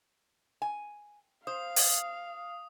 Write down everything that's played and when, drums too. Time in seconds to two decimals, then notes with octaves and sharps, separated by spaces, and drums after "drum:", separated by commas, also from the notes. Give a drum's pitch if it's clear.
0.62 G#5
1.47 C5 F5 D#6
1.76 drum: open hi-hat